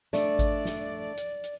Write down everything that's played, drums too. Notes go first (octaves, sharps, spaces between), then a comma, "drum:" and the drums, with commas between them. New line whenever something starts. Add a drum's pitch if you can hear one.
A3 D4 D5, drum: snare
drum: kick G#1, hi-hat
drum: snare
drum: hi-hat
drum: hi-hat